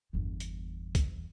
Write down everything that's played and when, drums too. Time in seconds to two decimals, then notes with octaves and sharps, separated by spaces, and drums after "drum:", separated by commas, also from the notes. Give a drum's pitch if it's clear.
0.13 G1 E2
0.40 drum: hi-hat
0.95 drum: kick, hi-hat